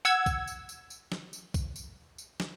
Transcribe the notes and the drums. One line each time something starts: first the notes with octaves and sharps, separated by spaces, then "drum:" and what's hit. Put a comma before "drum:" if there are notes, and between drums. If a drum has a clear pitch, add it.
F#5 E6 G#6, drum: tambourine
drum: kick B1, tambourine
drum: tambourine
drum: tambourine
drum: tambourine
drum: snare
drum: tambourine
drum: kick B1, tambourine
drum: tambourine
drum: tambourine
drum: snare